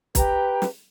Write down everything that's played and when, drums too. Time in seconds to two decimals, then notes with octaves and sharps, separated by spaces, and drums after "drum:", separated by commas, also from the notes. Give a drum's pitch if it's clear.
0.15 G4 B4 A#5, drum: kick, hi-hat
0.62 drum: snare